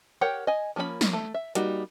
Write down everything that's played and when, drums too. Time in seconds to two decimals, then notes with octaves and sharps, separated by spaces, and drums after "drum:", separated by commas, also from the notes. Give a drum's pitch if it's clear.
0.21 G4 A#4 C#5 F#5 G5
0.47 D#5 G#5
0.76 F3 A#3 C#4 G#4 B5
1.01 drum: snare
1.13 A3
1.34 E5
1.55 G3 A#3 D#4 F#4, drum: hi-hat